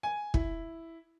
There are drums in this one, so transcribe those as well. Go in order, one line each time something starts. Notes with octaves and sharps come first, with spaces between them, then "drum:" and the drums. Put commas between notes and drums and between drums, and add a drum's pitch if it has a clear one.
G#5
E4, drum: kick